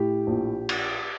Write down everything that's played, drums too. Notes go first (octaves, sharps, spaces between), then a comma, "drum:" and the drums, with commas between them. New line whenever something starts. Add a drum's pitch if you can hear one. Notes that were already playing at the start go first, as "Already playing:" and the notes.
Already playing: A2 G4
A#1
drum: cymbal